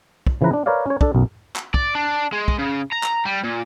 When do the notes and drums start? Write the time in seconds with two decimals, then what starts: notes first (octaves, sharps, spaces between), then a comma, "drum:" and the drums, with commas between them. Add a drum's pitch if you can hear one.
0.27 drum: kick
0.41 C#3 E3 F3 E4 B4 A#5
0.53 D4
0.66 A#4 B4 C#5 D5 F5
0.86 C#4 C#5
1.01 D4 A4, drum: kick
1.15 B1 F#2
1.56 drum: clap
1.74 D5, drum: kick
1.95 D4
2.33 G#3
2.48 drum: kick
2.59 C#3
2.92 A#5
3.03 drum: clap
3.25 G3
3.44 A#2